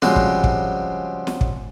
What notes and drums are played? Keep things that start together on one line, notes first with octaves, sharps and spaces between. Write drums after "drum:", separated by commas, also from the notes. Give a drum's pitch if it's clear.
C#3 F3 G3 G#3 C4 F#4, drum: snare
drum: kick
drum: kick
drum: snare
drum: kick